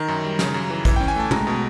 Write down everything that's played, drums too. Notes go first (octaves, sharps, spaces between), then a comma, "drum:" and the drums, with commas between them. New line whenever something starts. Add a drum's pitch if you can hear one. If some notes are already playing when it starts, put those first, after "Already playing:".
Already playing: D#3 A#5
F#2
G3
C#3, drum: snare
F#2
E3
E3, drum: kick A1, hi-hat
C#4 G5
G#5
A3 A5
G#3 A#5, drum: tom
B2